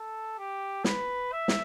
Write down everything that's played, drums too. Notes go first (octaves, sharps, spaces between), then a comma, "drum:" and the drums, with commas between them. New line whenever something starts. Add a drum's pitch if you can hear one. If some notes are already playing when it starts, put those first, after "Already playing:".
Already playing: A4
G4
B4, drum: snare
E5
drum: snare